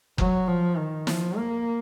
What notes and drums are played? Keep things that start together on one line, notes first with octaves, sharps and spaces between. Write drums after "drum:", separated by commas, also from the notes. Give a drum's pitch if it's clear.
F#3, drum: kick F#1
F3
D#3
F3, drum: snare
A#3